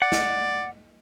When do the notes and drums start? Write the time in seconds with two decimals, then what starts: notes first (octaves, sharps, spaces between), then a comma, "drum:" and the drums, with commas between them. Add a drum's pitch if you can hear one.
0.02 D5 F#5
0.12 drum: snare